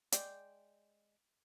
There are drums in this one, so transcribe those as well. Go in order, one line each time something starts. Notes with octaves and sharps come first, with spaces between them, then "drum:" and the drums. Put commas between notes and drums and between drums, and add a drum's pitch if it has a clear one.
G#3 D5 G5, drum: hi-hat